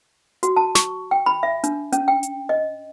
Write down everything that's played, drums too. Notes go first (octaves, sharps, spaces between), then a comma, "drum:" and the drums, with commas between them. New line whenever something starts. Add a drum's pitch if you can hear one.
F#4, drum: hi-hat
A5
C#6, drum: snare
G5
B5
E5
D4, drum: hi-hat
C#4, drum: hi-hat
G5
drum: hi-hat
D#5